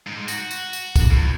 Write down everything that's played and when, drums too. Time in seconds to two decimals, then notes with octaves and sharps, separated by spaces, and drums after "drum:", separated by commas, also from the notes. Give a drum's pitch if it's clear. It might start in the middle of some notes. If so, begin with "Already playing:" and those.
0.07 G#2
0.28 F#4, drum: tambourine
0.51 drum: tambourine
0.73 drum: tambourine
0.96 drum: kick, tambourine
1.11 E2